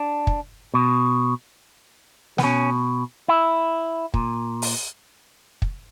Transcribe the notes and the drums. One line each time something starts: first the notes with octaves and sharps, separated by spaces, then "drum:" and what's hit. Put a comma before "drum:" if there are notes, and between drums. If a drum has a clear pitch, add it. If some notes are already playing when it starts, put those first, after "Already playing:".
Already playing: D4
drum: kick
B2
B3, drum: snare
B2 C#4
E4
A#2, drum: kick
drum: open hi-hat
drum: kick